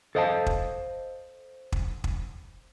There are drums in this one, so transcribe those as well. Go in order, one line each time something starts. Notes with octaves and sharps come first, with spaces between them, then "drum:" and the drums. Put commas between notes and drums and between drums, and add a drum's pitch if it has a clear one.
A4 C5 D#5 F5 F#5 A5
drum: kick
drum: kick
drum: kick